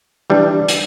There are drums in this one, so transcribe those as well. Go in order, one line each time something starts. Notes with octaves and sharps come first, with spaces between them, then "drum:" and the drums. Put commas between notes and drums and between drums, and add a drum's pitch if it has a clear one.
E3 G3 D4
drum: hi-hat